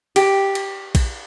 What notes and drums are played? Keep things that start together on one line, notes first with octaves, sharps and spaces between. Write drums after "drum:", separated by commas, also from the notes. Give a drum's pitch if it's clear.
G4, drum: cymbal
drum: cymbal
drum: kick A#1, cymbal